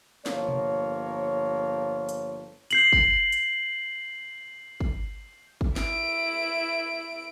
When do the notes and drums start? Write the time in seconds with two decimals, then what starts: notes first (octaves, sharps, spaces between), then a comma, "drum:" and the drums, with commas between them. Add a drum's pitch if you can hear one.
0.26 G1 F3 A#3 C#5, drum: snare
0.49 drum: tom B2
2.09 drum: hi-hat
2.71 G6 C7 F#7, drum: hi-hat
2.93 drum: kick
3.32 drum: hi-hat
4.80 drum: kick
5.61 drum: kick
5.76 E4 D7, drum: snare